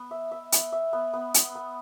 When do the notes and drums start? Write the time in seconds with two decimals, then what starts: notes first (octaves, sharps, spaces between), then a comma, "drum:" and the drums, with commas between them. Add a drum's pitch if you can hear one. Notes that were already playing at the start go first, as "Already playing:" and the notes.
Already playing: B3
0.11 E5
0.31 E5
0.52 B3, drum: hi-hat
0.72 E5
0.93 B3
1.13 B3
1.34 B3, drum: hi-hat
1.55 B3